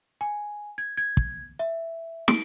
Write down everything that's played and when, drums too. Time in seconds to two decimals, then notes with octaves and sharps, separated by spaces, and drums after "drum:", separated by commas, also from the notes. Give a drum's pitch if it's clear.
0.21 G#5
0.78 G#6
0.97 G#6
1.17 drum: kick
1.59 E5
2.28 D7, drum: snare